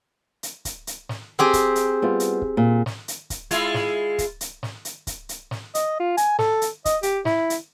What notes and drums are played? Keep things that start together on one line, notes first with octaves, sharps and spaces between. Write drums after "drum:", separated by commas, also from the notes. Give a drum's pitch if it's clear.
drum: hi-hat
drum: kick, hi-hat
drum: hi-hat
drum: snare
C4 G4 G#4
drum: kick, hi-hat
drum: hi-hat
G3 B3 F4
drum: hi-hat
drum: kick
A#2
drum: snare
drum: hi-hat
drum: kick, hi-hat
G#3 E4 F4, drum: hi-hat
drum: snare
drum: kick, hi-hat
drum: hi-hat
drum: snare
drum: hi-hat
drum: kick, hi-hat
drum: hi-hat
drum: snare
D#5, drum: hi-hat
F4
G#5, drum: hi-hat
A4, drum: snare
drum: hi-hat
D#5, drum: kick, hi-hat
G4, drum: hi-hat
E4, drum: snare
drum: hi-hat